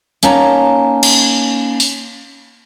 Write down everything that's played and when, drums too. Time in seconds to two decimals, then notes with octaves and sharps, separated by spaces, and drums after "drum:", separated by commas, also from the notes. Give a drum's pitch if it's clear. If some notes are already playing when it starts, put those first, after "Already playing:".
0.23 A#3 C#4 D#4 A5 A#5, drum: hi-hat
1.03 drum: cymbal
1.80 drum: open hi-hat